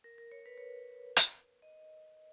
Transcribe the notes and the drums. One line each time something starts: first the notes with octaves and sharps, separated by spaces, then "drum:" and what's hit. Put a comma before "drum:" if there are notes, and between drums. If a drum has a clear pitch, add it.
A#4
A#4
C#5
B4
C#5
drum: hi-hat
D#5